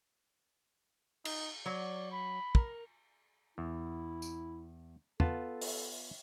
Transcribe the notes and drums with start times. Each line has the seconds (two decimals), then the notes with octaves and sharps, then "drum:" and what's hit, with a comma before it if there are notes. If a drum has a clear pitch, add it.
1.25 D#4, drum: cymbal
1.66 F#3 C#5 D5
2.12 B5
2.55 A#4, drum: kick
3.58 E2 E4
4.22 drum: tambourine
5.20 B3 F4 A4 A5, drum: tom
5.62 drum: open hi-hat